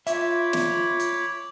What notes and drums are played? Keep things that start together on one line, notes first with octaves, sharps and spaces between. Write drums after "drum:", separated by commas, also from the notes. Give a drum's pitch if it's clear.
F4 C#5 E5 B5 D6, drum: hi-hat
drum: snare
drum: hi-hat